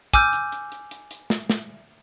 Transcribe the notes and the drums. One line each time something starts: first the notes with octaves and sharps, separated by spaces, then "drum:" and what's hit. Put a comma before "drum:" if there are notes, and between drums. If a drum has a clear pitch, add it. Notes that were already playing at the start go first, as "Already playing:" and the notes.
G#5 D6 E6 F6 G6, drum: kick, hi-hat
drum: hi-hat
drum: hi-hat
drum: hi-hat
drum: hi-hat
drum: hi-hat
drum: snare
drum: snare